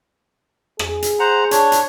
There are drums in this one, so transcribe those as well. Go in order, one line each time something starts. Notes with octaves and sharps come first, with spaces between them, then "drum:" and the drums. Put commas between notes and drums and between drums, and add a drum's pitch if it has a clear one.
G#4, drum: rim click
drum: hi-hat
C5 F#5 A#5
D4 C#5, drum: hi-hat
drum: hi-hat